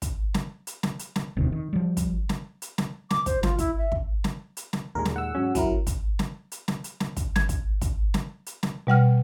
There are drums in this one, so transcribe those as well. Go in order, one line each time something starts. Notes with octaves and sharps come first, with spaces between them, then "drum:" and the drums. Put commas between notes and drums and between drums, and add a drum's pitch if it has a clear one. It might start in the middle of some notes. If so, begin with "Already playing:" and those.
drum: kick, hi-hat
drum: snare
drum: hi-hat
drum: snare
drum: hi-hat
drum: snare
E1 D2 C3 D#3
D#3
F3 G3
drum: kick, hi-hat
drum: snare
drum: hi-hat
drum: snare
D6, drum: snare
C5, drum: kick, hi-hat
F4, drum: snare
E4, drum: kick, hi-hat
E5
drum: kick
drum: snare
drum: hi-hat
drum: snare
D#2 A#2 G#3 A#4
drum: snare
F#5 E6
G#2 F#3 C#4
F#2 F#3 E4 A#4, drum: kick, hi-hat
drum: kick, hi-hat
drum: snare
drum: hi-hat
drum: snare
drum: hi-hat
drum: snare
drum: kick, hi-hat
G#6, drum: snare
drum: kick, hi-hat
drum: kick, hi-hat
drum: snare
drum: hi-hat
drum: snare
B2 G3 F#5 F6